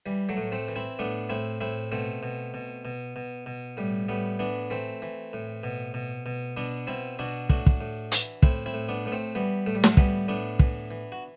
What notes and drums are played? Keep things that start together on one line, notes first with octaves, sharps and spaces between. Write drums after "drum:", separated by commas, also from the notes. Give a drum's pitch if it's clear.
E3 G3
F#3 A3
A2
A3 C4
E3
C4 E4
A2 B3 D4
A2 C4 E4
A2 C4 E4
B2 A3 C4
B2
B2
B2
B2
B2
A2 G3
A2 G3 B3
E3 B3 D4
E3 A3 C4
E3
A2
B2
B2
B2
B2 B3 D4
B2 C4 E4
B2 D4 F#4
A2 D4 F#4, drum: kick
drum: kick
A2
E3, drum: hi-hat
A2 C4 E4, drum: kick
C4 E4
A2
B3 D4
A2 B3
A3 C4
E3 G3 B3
A2 A3
G3
F#3 A3, drum: snare
E3 G3 B3, drum: kick
A2 B3 D4
E3, drum: kick
E3
F#4